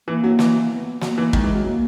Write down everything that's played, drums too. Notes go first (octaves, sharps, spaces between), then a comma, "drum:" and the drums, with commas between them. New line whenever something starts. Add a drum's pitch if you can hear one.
E3 A#3
F#3
E3, drum: snare
A#3
B3
F#3 A#3, drum: snare
E3
D#3 G#3, drum: kick
E3
F#3
F#3 A#3